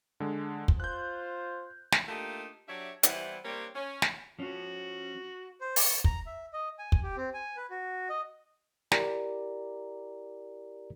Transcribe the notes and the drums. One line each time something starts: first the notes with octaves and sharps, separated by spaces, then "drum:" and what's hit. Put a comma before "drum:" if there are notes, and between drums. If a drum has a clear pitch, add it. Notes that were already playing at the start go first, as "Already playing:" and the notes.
D3 G#3
drum: kick
F4 C5 F#6 G6
drum: snare
A3 A#3 D4 D#4 F4 G4
F#3 D4 G4 C#5 E5
E3 G3 B3 C4 E4, drum: hi-hat
G3 A#3 C4 D4 C#5
C#4
drum: snare
F3 C#4 F#4
C5
C#6, drum: open hi-hat
A#5, drum: kick
E5
D#5
G#5
drum: kick
G4
C4
G#5
B4
F#4
D#5
E4 G4 A#4 D5 A#5, drum: snare